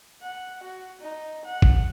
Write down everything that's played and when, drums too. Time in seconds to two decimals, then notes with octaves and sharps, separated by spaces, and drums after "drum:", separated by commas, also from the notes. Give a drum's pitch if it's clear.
0.22 F#5
0.63 F#4
1.01 D#4
1.45 F#5
1.62 drum: kick